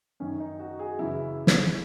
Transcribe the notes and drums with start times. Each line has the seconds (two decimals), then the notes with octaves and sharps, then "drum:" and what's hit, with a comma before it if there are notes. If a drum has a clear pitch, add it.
0.20 F#2 D#3 C#4
0.40 D#4
0.60 F#4
0.79 G#4
0.99 F#2 C#3 E3 E4
1.47 drum: snare